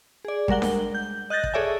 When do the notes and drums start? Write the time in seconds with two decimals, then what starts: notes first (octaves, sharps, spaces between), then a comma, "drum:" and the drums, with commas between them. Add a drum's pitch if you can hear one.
0.25 G#4 D5
0.48 G3 G#3 A#4 F#5 G7, drum: kick
0.62 drum: snare D4
0.95 G6
1.30 D#5 F#6 G6 A6 A#6
1.44 drum: kick
1.54 G#4 A4 C#5 D5 E5 G#5